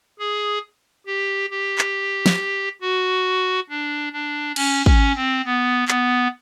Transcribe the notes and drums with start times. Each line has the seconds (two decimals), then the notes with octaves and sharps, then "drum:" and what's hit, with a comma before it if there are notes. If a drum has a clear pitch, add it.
0.19 G#4
1.07 G4
1.51 G4
1.78 drum: clap
2.26 drum: snare
2.81 F#4
3.69 D4
4.13 D4
4.56 C#4, drum: cymbal
4.86 C#4, drum: kick
5.15 C4
5.45 B3
5.88 B3, drum: clap